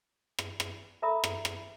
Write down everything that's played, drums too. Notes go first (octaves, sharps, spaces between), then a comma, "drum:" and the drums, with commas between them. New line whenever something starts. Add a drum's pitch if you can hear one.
drum: rim click
drum: rim click
A4 A#4 E5 A#5 B5 D#6
drum: rim click
drum: rim click